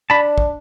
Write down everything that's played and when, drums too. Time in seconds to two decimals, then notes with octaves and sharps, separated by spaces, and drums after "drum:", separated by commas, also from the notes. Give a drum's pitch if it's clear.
0.10 D4 A5 B5
0.38 drum: kick